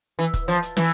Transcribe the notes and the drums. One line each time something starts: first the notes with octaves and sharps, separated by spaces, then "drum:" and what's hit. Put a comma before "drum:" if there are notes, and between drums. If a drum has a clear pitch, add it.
E3, drum: hi-hat
drum: kick, hi-hat
F3, drum: hi-hat
drum: hi-hat
E3, drum: snare